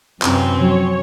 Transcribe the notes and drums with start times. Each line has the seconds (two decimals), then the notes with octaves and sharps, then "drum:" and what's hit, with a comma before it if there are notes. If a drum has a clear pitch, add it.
0.22 F#2 C3 E3 C4 C#4, drum: clap
0.60 F3 F#3 F#4 C#5